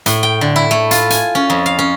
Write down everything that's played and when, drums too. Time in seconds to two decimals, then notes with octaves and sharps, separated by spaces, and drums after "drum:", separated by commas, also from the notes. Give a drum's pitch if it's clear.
0.06 A2, drum: hi-hat
0.23 G5
0.41 D3
0.56 E4
0.71 A3
0.91 F4, drum: hi-hat
1.10 G#5, drum: hi-hat
1.35 C#4
1.50 F2
1.66 F5
1.79 C#4